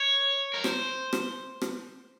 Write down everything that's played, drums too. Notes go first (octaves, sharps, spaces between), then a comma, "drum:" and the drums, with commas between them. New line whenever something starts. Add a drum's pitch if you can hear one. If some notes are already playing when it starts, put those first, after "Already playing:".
Already playing: C#5
A#4
C5, drum: rim click
drum: rim click
drum: rim click